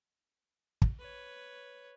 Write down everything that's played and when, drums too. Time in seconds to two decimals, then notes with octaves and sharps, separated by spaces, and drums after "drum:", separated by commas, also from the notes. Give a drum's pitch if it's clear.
0.82 drum: kick
0.99 B4 C#5